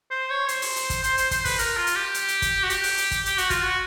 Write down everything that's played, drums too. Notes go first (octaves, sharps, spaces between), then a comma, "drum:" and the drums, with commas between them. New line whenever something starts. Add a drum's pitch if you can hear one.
C5
C#5
C5, drum: hi-hat
drum: open hi-hat
drum: hi-hat
drum: kick, hi-hat
C5, drum: hi-hat
C5, drum: hi-hat
C5, drum: kick, hi-hat
B4, drum: kick, open hi-hat
A#4, drum: hi-hat
F4
drum: hi-hat
G4
drum: hi-hat
drum: hi-hat
drum: kick, hi-hat
F#4
G4, drum: hi-hat
drum: open hi-hat
drum: hi-hat
drum: kick, hi-hat
G4, drum: hi-hat
F#4, drum: hi-hat
F4, drum: kick, hi-hat
F#4